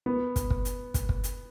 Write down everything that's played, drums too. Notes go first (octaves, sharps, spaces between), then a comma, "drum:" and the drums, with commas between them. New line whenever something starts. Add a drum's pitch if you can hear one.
B3
drum: kick, hi-hat
drum: kick
drum: hi-hat
drum: kick, hi-hat
drum: kick
drum: hi-hat